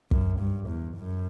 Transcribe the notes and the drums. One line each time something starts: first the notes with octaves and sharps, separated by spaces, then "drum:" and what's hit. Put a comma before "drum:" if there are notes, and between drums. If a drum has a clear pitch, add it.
F#2, drum: kick
G2
E2
F#2